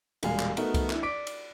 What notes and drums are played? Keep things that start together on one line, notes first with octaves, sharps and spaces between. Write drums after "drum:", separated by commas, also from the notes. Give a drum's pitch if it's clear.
E1 A#2 G3 G#3 F5 G#5, drum: cymbal
drum: clap
A3 B3 D#4 F#4 A#4, drum: cymbal
drum: kick C2, cymbal
D4 E4, drum: clap
D5 D6 B6 D7
drum: cymbal